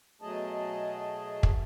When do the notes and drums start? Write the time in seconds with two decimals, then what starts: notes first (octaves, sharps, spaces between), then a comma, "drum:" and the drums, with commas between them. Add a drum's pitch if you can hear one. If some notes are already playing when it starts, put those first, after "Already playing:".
0.22 B2 F#3 A3 G#4 D#5 A5
1.43 drum: kick